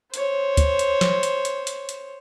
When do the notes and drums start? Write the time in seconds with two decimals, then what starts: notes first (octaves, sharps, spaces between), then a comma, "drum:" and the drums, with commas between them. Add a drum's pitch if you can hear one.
0.14 C5 C#5, drum: hi-hat
0.57 drum: kick D2, hi-hat
0.79 drum: hi-hat
1.01 drum: snare
1.23 drum: hi-hat
1.45 drum: hi-hat
1.67 drum: hi-hat
1.89 drum: hi-hat